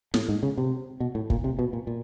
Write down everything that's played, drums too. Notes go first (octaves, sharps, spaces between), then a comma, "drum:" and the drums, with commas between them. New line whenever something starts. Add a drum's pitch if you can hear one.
A2, drum: snare
G#2
C#3
C3
B2
A2
A#2, drum: kick
C3
B2
A#2
A#2